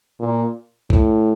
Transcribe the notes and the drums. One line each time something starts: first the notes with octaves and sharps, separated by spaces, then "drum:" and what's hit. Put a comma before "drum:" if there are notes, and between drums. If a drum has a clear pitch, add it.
A#2
A2, drum: kick B1